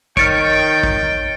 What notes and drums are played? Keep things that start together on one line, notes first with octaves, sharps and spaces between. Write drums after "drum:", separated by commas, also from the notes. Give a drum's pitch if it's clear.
D#3 C#5 G5 F6 A6 D7, drum: kick
drum: kick